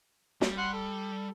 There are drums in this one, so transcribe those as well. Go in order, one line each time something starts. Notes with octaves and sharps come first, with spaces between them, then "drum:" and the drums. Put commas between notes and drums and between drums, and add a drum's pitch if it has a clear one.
G3, drum: snare
F#5 C6
A4